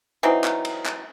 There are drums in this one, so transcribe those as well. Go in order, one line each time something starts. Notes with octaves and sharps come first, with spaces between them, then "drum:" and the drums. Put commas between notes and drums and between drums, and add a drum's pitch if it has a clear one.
E3 F#3 C4 D#4
drum: clap
drum: cymbal
drum: clap